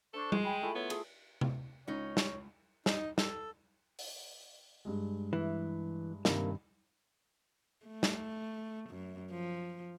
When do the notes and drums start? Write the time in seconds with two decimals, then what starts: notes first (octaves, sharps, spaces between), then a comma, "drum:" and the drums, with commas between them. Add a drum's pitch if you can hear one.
0.13 D4 A4 C5 C#6
0.32 G#3 G#4 C6, drum: tom G3
0.44 G5 G#5 B5
0.62 A3 E4 F4
0.75 B3 C#5
0.90 G#4, drum: cymbal
1.41 drum: tom C3
1.88 C#2 C#4 D#4 C#5
2.17 drum: snare
2.86 D#4, drum: snare
3.18 A4, drum: snare
3.99 drum: open hi-hat
4.85 G2 G#3
5.33 E3
6.25 G2 C3 D#3 A#3, drum: snare
7.86 A3
8.03 drum: snare
8.90 F#2
9.31 F3